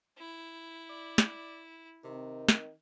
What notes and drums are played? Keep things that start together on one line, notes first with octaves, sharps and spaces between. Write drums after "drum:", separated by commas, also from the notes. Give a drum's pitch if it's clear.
E4
D5
drum: snare
C3 D#3 C4
drum: snare